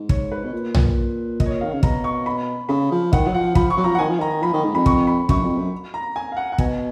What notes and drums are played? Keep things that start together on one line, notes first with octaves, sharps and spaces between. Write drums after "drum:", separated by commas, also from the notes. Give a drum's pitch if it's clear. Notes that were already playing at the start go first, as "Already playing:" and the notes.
Already playing: G#2
C#5, drum: kick
B4
B2
A#2
drum: tom
D#5, drum: kick
C#5
D#5
D#3 F5
C#3 F5
B2 A#5, drum: kick
C#6
B5
C#3 B5
F3
D#3 F#5, drum: kick
F#3
F3 F#5
F3 B5, drum: kick
C#6
F#3
F3 A#5
F#5
D#3 G#5
F3
D#3 A#5
F3 B5
D#3
G#2
F2 B5
C#6, drum: kick
B5
F#2 C#6, drum: kick
F2
F#2
A#5
G#5
F5
F#5
F#5
B2 G#5, drum: kick